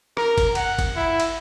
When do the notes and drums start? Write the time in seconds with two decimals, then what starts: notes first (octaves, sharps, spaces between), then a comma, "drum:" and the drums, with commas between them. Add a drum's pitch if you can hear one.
0.17 A#4, drum: rim click
0.38 drum: kick G1, cymbal
0.55 F#5, drum: cymbal
0.79 drum: kick G1, cymbal
0.96 E4
1.20 drum: cymbal